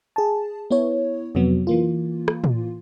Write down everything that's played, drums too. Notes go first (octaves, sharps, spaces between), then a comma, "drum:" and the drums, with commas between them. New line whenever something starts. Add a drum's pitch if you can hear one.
G#4 A5
B3 E4 C#5
F2 C3 F#3 B3
E3 A#3 F4
drum: rim click
drum: tom